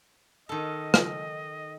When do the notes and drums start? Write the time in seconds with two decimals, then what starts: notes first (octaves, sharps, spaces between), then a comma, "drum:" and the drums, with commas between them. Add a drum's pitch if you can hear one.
0.49 D#3 A4 D#5
0.94 drum: rim click